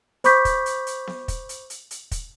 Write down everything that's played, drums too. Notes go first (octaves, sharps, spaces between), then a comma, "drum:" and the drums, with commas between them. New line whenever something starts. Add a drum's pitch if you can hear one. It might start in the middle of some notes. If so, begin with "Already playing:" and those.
C5 B5 C#6 D6 G6 B6, drum: hi-hat
drum: kick, hi-hat
drum: hi-hat
drum: hi-hat
drum: snare B3
drum: kick, hi-hat
drum: hi-hat
drum: hi-hat
drum: hi-hat
drum: kick, hi-hat